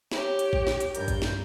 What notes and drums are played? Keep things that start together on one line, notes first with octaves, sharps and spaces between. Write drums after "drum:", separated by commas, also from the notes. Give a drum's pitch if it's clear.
G4 C#5, drum: snare
drum: hi-hat
drum: kick A1
drum: snare
drum: hi-hat
G2 G3 A#4 G6, drum: hi-hat
drum: kick A1, hi-hat
drum: snare